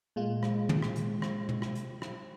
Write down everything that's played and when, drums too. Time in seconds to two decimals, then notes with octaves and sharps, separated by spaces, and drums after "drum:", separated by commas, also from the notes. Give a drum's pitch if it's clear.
0.16 A#2 G#3 F4
0.43 drum: rim click
0.69 drum: tom
0.82 drum: rim click
0.96 drum: hi-hat
1.22 drum: rim click
1.49 drum: tom
1.62 drum: rim click
1.75 drum: hi-hat
2.02 drum: rim click